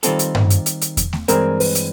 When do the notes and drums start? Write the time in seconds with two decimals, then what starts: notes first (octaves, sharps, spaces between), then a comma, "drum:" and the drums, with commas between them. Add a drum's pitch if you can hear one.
0.03 D#3 G3 C4 F4 A4, drum: hi-hat
0.19 drum: hi-hat
0.35 drum: tom G2
0.50 drum: hi-hat
0.66 drum: hi-hat
0.81 drum: hi-hat
0.97 drum: kick E2, hi-hat
1.13 drum: snare A3
1.28 G2 E3 G#3 C4 A#4, drum: hi-hat
1.60 B4, drum: open hi-hat
1.75 drum: hi-hat